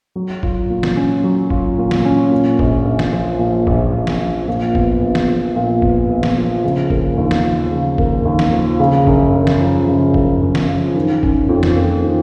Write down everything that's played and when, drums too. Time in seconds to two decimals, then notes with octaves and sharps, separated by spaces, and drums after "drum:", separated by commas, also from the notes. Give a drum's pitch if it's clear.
0.16 F#3
0.43 F4, drum: kick
0.70 A#2
0.83 drum: snare
0.96 C#4
1.24 F#3
1.50 F4, drum: kick
1.78 A#2
1.91 drum: snare
2.05 C#4
2.31 A#2
2.59 A#1, drum: kick
2.85 A#1
2.99 drum: snare
3.13 F3
3.39 A#2
3.67 A#1, drum: kick
3.93 A#1
4.07 drum: snare
4.20 F3
4.48 A#2
4.75 B3, drum: kick
5.02 A#1
5.15 drum: snare
5.28 F3
5.56 A#2
5.82 B3, drum: kick
6.09 A#1
6.23 drum: snare
6.37 F3
6.64 C#3
6.90 A#3, drum: kick
7.17 D#2
7.31 drum: snare
7.44 F3
7.71 C#3
7.98 A#3, drum: kick
8.25 D#2
8.39 drum: snare
8.52 F3
8.80 C#3
9.07 F#2, drum: kick
9.34 F#2
9.47 drum: snare
9.61 F3
9.87 C#3
10.14 F#2, drum: kick
10.42 F#2
10.55 drum: snare
10.68 F3
10.96 D#3
11.23 C#4, drum: kick
11.49 F2
11.63 drum: snare
11.76 A#3
12.03 D#3